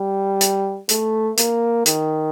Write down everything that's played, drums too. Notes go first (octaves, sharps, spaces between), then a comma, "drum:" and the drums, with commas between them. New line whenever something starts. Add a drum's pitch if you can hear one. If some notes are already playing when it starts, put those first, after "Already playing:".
Already playing: G3
drum: hi-hat
A3, drum: hi-hat
A#3, drum: hi-hat
D#3, drum: hi-hat